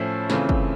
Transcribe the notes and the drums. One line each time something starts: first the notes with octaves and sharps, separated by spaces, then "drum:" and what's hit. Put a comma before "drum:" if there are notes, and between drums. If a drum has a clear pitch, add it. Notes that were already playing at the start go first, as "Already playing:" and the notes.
Already playing: A2 F3 A3 C#4 E4
C#3 E3 A3 C4 F4, drum: snare
drum: kick